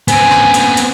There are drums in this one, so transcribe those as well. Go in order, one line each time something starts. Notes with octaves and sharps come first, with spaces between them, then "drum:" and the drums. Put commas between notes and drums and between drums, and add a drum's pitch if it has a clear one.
B3 C4 G#5, drum: hi-hat
drum: rim click
drum: hi-hat
drum: hi-hat